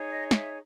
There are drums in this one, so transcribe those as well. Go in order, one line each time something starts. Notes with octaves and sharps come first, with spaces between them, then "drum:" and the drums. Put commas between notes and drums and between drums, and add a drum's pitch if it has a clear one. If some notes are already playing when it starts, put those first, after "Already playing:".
Already playing: D#4 G#4 C#5
D#5
E5, drum: snare